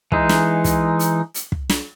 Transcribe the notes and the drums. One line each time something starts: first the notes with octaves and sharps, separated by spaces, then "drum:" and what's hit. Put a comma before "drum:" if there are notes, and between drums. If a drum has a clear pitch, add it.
E3 G#3 D#4, drum: kick
drum: snare
drum: kick, hi-hat
drum: hi-hat
drum: hi-hat
drum: kick
drum: snare